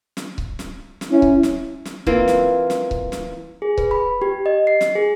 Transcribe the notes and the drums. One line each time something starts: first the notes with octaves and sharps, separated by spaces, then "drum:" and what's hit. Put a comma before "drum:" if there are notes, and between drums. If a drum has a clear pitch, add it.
drum: snare
drum: kick C#1
drum: snare
drum: snare
C#4 E4
drum: kick C#1
drum: snare
drum: snare
E3 A#3 C4 F4, drum: kick C#1
drum: snare
drum: snare
drum: kick C#1
drum: snare
G#4
B4, drum: kick C#1
B5
G4
D#5
C7
drum: snare
G#4